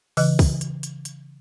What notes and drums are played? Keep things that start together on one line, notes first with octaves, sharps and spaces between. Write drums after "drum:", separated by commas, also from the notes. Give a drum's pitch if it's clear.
C#3 E3 D#5 F#6, drum: open hi-hat
drum: kick, open hi-hat
drum: hi-hat
drum: hi-hat
drum: hi-hat